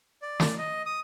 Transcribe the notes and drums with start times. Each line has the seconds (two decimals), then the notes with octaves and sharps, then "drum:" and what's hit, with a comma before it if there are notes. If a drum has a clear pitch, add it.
0.22 D5
0.40 drum: snare
0.58 D#5
0.86 D#6